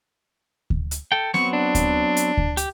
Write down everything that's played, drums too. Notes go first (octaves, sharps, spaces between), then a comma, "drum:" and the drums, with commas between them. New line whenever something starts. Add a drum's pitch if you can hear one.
drum: kick D2
drum: hi-hat
A4 G5
F#3 B3 C4 C#6, drum: snare
D4
drum: kick D2, hi-hat
drum: hi-hat
drum: kick D2
G4, drum: hi-hat